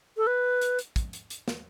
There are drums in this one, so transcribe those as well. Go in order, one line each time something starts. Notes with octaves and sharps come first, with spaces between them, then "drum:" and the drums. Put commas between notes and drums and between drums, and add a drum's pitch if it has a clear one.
A4
B4
drum: hi-hat
drum: hi-hat
drum: kick, hi-hat
drum: hi-hat
drum: hi-hat
drum: snare